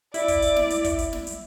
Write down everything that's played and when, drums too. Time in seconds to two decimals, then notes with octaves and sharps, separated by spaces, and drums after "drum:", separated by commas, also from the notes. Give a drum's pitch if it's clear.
0.14 E4 D5, drum: hi-hat
0.28 drum: kick, hi-hat
0.42 drum: hi-hat
0.56 drum: snare
0.70 drum: hi-hat
0.84 drum: kick, hi-hat
0.99 drum: hi-hat
1.13 drum: snare
1.27 drum: hi-hat